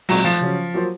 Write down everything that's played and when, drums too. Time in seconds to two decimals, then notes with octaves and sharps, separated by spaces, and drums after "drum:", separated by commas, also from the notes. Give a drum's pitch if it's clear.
0.09 A#2 F#3 G#3 C4, drum: open hi-hat
0.24 F3
0.41 C#3 F#3 C#4
0.74 F#3 A#3 F4 C5